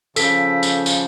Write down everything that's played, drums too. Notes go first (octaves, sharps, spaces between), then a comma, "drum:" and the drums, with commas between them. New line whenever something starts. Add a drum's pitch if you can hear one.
C#3 F3 A4 B6, drum: tambourine
drum: tambourine
drum: tambourine